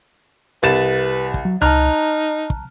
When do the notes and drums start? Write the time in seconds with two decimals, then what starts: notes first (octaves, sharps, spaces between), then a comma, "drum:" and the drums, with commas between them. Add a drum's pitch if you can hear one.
0.63 C2 B4 A6 E7
1.34 drum: kick
1.45 F#3
1.62 D#4 A5 A#5 F6 F#6, drum: tom C#2
2.50 drum: kick